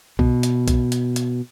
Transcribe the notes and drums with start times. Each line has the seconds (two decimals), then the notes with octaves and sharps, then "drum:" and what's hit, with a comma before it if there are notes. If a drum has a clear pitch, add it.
0.19 B2, drum: kick B1
0.43 drum: hi-hat
0.68 drum: kick B1, hi-hat
0.92 drum: hi-hat
1.16 drum: hi-hat